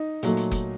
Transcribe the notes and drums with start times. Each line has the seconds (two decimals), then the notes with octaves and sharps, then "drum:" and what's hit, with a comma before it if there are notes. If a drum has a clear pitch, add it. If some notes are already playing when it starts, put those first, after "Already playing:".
Already playing: D#4
0.23 A#2 F#3 A3, drum: hi-hat
0.37 drum: hi-hat
0.52 drum: kick F#1, hi-hat